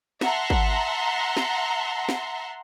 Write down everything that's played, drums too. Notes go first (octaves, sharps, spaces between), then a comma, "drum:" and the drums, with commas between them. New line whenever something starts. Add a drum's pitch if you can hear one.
E5 F#5 A5 A#5 C6, drum: snare
drum: kick G#1
drum: snare
drum: snare